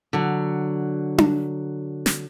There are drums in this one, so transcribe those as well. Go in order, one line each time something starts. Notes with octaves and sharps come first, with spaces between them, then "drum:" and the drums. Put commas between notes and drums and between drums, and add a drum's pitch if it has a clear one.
D3 F#3
drum: tom D4
drum: snare